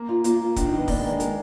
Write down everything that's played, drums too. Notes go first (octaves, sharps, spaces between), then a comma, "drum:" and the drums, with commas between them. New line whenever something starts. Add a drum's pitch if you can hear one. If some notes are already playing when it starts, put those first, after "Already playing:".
Already playing: A#3
F4
A#3 F4, drum: hi-hat
F4
D#3 D4, drum: kick, hi-hat
D#4
D#3
B3
A#3 D4, drum: kick, open hi-hat
G#3
D#3
G#3
A#4, drum: hi-hat